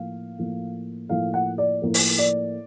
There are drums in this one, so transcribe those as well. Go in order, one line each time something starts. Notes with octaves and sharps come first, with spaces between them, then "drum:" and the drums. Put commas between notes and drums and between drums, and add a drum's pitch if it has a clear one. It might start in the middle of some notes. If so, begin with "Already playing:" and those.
Already playing: A2 F3 A#3 F5
A2 F3 A#3
A2 F3 A#3 F5
F#5
D5
A2 F3 A#3
drum: open hi-hat
D5